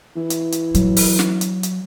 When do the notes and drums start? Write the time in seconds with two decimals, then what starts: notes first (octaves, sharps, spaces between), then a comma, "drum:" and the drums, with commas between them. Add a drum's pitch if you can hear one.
0.16 E3
0.30 drum: hi-hat
0.52 drum: hi-hat
0.75 F#3, drum: hi-hat
0.97 drum: open hi-hat
1.19 drum: snare
1.41 drum: hi-hat
1.63 drum: hi-hat